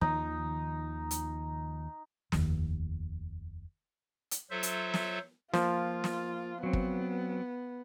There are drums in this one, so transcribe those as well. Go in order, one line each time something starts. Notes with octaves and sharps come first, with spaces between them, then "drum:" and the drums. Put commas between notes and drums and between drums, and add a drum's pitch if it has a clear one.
D#2 D#3 F3 D#4
drum: hi-hat
F1 D#2, drum: snare
drum: hi-hat
F#3 F4 A4 C5 E5
drum: hi-hat
drum: snare
F3 A#3 F4, drum: snare
drum: snare
F#3 B3 C4
drum: kick